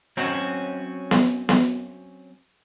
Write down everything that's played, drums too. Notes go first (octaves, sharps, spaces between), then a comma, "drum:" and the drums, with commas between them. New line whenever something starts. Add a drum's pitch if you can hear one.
F#3 C4 C#4 F#4
drum: snare B3
drum: snare B3